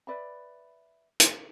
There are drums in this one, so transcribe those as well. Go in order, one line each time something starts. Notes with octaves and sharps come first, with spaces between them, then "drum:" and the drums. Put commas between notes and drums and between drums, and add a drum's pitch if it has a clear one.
B4 D5 E5 B5
drum: hi-hat